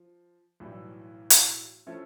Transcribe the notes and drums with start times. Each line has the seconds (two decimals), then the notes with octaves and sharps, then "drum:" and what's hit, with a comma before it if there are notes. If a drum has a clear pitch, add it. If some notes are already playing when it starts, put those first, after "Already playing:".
Already playing: F3
0.60 B1 A2 E3 G3
1.30 drum: hi-hat
1.87 F3 A3 C#4 E4